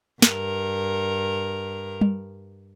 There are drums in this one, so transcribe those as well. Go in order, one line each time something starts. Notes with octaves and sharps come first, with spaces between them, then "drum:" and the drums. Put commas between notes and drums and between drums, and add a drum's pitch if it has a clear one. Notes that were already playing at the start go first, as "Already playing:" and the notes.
G2 A#4, drum: snare
drum: tom G3